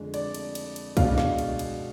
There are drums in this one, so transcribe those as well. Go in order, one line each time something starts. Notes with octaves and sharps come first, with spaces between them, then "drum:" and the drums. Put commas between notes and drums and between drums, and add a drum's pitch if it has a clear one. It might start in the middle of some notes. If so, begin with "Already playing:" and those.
Already playing: F2 D3 G#3
D5, drum: cymbal
drum: cymbal
drum: cymbal
drum: cymbal
B2 G#3 D4 F5, drum: kick, cymbal
drum: snare
drum: cymbal
drum: cymbal